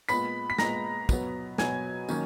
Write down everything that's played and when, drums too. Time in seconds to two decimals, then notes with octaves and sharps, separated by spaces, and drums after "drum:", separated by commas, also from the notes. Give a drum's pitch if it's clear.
0.09 A#2 G#3 B3 B5 B6, drum: tambourine
0.50 B6
0.58 A#2 G#3 B3 A#5 A#6, drum: snare
1.09 B2 F#3 B3, drum: kick, tambourine
1.58 B2 F#3 B3 G#5 G#6, drum: snare
2.09 D#3 F#3 A#3 C#4, drum: tambourine